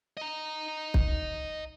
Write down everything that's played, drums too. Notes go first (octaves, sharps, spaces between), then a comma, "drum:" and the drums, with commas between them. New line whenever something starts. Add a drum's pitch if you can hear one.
D#5 A#5
drum: kick